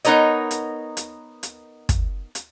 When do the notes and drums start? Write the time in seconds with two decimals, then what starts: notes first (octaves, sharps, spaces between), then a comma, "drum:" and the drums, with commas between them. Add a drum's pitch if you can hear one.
0.05 B3 D#4 A#4 C#5 D#5, drum: hi-hat
0.51 drum: hi-hat
0.97 drum: hi-hat
1.43 drum: hi-hat
1.89 drum: kick, hi-hat
2.35 drum: hi-hat